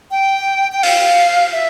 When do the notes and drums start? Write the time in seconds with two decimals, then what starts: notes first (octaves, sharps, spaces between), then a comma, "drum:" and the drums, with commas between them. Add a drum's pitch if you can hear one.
0.11 G5
0.72 G5
0.83 F5, drum: open hi-hat
1.53 E5